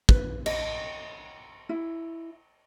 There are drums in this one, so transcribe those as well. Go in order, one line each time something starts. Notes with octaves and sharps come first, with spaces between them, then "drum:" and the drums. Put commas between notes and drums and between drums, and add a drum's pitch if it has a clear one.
B4, drum: kick
D#5, drum: cymbal
E4